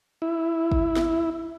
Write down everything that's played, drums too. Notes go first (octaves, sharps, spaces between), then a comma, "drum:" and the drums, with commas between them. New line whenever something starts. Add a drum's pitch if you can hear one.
E4
drum: kick
drum: snare